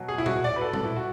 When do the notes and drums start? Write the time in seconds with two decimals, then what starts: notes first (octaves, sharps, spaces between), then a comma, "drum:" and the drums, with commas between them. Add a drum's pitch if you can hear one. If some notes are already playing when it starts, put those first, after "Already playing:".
Already playing: B2 F#3
0.08 G#4
0.18 E4
0.26 F#4, drum: tom A#2
0.44 D5
0.56 B4
0.61 A4
0.73 drum: tom A#2
0.84 E4
0.96 F#4